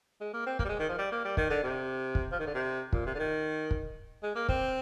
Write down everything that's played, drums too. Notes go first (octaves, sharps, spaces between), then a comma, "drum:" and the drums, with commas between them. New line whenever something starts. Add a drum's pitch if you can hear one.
G#3
A#3
C4
A#3, drum: kick
G3
G#3
D#3
F3
G3
A#3
G3
D#3, drum: kick
D3
C3
drum: kick
F3
D#3
D3
C3
A#2, drum: kick
C3
D3
D#3
drum: kick
G#3
A#3
C4, drum: kick